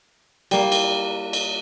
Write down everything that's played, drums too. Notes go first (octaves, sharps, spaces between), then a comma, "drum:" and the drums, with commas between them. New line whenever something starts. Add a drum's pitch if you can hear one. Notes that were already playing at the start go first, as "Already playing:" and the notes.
G3 A#3, drum: cymbal
drum: cymbal
drum: cymbal